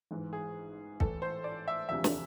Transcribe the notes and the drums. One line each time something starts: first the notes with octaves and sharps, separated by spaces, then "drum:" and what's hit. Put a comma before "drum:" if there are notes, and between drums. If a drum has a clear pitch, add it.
A1 G#2 E3
G#4
A1 A2 E3 A4, drum: kick
C5
D5
E5
E1 D2 C3 F3 E5
drum: snare